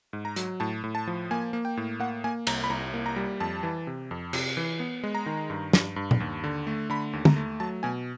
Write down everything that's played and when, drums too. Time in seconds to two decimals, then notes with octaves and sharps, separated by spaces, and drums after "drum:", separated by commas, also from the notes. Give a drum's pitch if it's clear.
0.13 G#2
0.25 A#5
0.36 F#3, drum: hi-hat
0.60 A2 A5
0.84 A2
0.95 A5
1.07 F3
1.31 A#3 G#5
1.53 A#3
1.65 G5
1.77 A2
2.00 A#3 F#5
2.24 A#3 G#5
2.47 C2 A#5, drum: cymbal
2.64 B5
2.70 C2 A#5
2.94 A#3
3.06 A#5
3.16 G3
3.40 F2 A5
3.63 E3
3.87 C3
4.11 F2
4.33 C3, drum: cymbal
4.57 E3
4.80 B3
5.03 G#3
5.15 A#5
5.26 D#3
5.50 G2
5.73 G2, drum: snare
5.96 G2
6.11 drum: tom A#2
6.20 D#2
6.44 D3
6.67 A3
6.90 D3 B5
7.13 D#2
7.25 A#5, drum: tom
7.36 A3
7.60 F#3 A5
7.83 B2 G#5